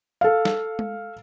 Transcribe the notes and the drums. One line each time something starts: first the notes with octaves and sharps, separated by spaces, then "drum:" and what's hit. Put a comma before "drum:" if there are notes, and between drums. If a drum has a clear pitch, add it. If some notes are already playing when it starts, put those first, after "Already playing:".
A4 F5
drum: snare
drum: tom G#3